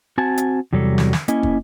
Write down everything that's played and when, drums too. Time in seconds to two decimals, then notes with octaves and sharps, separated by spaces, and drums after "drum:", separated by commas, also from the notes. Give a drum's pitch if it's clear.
0.18 C4 F#4 G#5 A5
0.38 drum: hi-hat
0.73 E2 C3 F#3 G3 A4
0.98 drum: snare
1.13 drum: snare
1.28 A#3 C#4 E4 D#5 G#5, drum: hi-hat
1.43 drum: kick